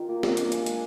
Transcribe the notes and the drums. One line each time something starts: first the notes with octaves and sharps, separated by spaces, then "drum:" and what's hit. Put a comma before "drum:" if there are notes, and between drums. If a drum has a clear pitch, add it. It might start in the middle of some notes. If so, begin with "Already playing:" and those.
Already playing: D#3 F4
A#3
D4, drum: snare
D4, drum: hi-hat
G#3, drum: hi-hat
G#3, drum: hi-hat